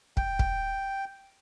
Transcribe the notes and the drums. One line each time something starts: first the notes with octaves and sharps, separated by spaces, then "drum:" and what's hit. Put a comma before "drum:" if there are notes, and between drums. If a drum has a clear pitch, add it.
G5, drum: kick
drum: kick